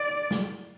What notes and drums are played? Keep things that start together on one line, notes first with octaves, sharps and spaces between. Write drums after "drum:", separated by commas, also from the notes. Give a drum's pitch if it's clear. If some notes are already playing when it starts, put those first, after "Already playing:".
Already playing: D5
drum: snare